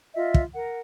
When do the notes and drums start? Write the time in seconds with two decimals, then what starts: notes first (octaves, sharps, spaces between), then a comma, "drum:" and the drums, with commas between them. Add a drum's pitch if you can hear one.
0.14 F4 D#5 E5
0.34 drum: kick
0.54 A#4 F#5